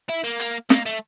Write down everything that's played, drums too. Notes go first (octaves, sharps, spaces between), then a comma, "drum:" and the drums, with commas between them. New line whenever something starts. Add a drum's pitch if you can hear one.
E4
A#3
drum: hi-hat
A#3, drum: snare
A3